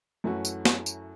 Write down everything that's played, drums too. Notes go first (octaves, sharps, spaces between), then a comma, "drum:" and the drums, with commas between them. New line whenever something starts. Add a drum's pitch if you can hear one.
F#2 E3 A3 C#4 F#4
drum: tambourine
drum: snare
drum: tambourine